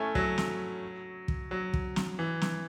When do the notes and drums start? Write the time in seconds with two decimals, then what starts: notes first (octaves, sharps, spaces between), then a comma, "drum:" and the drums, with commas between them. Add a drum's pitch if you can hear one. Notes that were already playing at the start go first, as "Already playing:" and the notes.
Already playing: A3 C#4 E4
0.15 F#3, drum: kick
0.38 drum: snare
1.28 drum: kick
1.51 F#3
1.74 drum: kick
1.96 drum: snare
2.19 E3
2.41 drum: snare